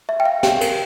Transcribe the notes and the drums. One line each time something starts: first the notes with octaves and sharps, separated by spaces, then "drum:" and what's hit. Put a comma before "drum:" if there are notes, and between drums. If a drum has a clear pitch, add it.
E5
G5
F5
G4 G5, drum: snare
A#4, drum: cymbal